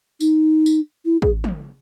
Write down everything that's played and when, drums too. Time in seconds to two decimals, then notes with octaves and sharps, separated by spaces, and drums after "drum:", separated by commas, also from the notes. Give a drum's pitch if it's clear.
0.20 D#4, drum: tambourine
0.66 drum: tambourine
1.05 E4
1.22 G#4, drum: kick
1.44 drum: tom